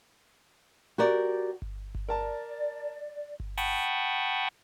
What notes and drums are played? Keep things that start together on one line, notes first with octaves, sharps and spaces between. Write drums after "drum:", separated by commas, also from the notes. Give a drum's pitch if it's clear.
F#4 G4 A#4 D5
drum: kick G1
drum: kick G1
A#4 D5 A5
drum: kick G1
F#5 G5 A5 B5 C#6 D#6, drum: open hi-hat